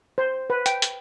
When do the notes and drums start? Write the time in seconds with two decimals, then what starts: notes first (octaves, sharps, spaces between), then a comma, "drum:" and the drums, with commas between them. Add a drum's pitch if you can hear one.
0.18 C5
0.50 B4
0.66 G5, drum: hi-hat
0.82 drum: hi-hat